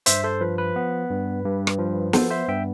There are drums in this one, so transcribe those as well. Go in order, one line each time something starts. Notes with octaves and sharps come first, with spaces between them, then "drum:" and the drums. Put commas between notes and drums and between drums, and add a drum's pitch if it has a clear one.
G2 C5 E5, drum: hi-hat
A4 C5
F3 B4
B4
B3
G2
G2
drum: rim click
F3
B3 A4 C5, drum: snare
C5 E5
G2 E5 G5